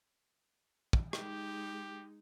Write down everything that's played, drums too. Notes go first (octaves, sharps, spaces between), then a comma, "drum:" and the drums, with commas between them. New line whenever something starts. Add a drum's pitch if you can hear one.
drum: kick
G#3 D#4 G4, drum: rim click